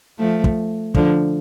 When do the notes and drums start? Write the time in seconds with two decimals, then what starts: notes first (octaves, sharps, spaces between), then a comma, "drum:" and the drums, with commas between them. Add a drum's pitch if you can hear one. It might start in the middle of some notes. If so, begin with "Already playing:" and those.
0.19 F3 A3
0.44 drum: kick
0.94 D3 F3, drum: kick